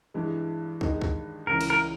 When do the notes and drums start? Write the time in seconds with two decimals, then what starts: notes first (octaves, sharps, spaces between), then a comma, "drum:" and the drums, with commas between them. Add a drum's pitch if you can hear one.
0.14 G2 E3 G#3
0.81 G2 D#3 G#3 D#4, drum: kick
1.01 drum: kick
1.47 C#2 C#3 E3 A#4
1.61 drum: cymbal
1.70 A#4